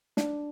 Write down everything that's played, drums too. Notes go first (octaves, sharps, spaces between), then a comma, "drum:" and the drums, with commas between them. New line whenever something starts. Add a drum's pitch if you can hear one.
D4, drum: snare